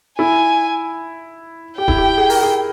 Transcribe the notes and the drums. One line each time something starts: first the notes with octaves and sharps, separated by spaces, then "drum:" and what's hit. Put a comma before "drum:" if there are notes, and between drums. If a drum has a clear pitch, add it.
E4 G#5
G4 G5
E4, drum: kick D1
G4
G#4
A#4, drum: open hi-hat
G#4